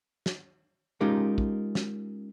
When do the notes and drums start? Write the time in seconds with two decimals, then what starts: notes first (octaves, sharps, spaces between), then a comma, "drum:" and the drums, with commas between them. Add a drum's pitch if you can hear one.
0.26 drum: snare
1.01 G#3 C#4 D#4 F4 G4 A#4
1.38 drum: kick
1.75 drum: snare